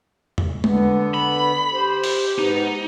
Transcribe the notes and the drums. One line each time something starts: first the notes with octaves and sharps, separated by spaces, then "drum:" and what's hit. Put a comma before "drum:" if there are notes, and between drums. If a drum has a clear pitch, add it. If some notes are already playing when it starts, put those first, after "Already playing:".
drum: tom E2
D3 B3, drum: tom G#3
B5
G4 C5
drum: open hi-hat
G#2 B3 D#4